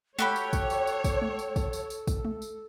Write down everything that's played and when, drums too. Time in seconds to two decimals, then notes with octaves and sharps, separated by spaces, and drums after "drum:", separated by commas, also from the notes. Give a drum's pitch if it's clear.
0.19 F#4 G4 A4 C#5 B5, drum: tom G#3
0.36 drum: tambourine
0.53 drum: kick, tambourine
0.70 drum: tambourine
0.87 drum: tambourine
1.04 drum: kick, tambourine
1.22 drum: tom G#3
1.39 drum: tambourine
1.56 drum: kick, tambourine
1.73 drum: tambourine
1.90 drum: tambourine
2.07 drum: kick, tambourine
2.25 drum: tom G#3
2.42 drum: tambourine